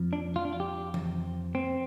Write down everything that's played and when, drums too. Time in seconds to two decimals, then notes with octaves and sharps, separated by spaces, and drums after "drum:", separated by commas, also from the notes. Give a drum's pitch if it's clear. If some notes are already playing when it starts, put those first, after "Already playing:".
Already playing: F2 F3
0.13 D4
0.36 F4
0.45 D4
0.53 F4
0.60 G4
0.94 drum: tom E3
1.55 C4